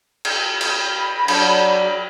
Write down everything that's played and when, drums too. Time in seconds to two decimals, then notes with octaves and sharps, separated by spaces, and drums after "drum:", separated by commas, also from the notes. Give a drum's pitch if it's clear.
0.25 drum: cymbal
0.61 B5, drum: cymbal
1.28 F#3 D4, drum: cymbal